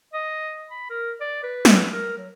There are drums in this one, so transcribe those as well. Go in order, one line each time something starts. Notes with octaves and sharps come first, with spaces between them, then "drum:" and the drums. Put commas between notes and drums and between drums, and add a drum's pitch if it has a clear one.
D#5
B5
A#4
D5
B4
drum: snare
A#4
F#3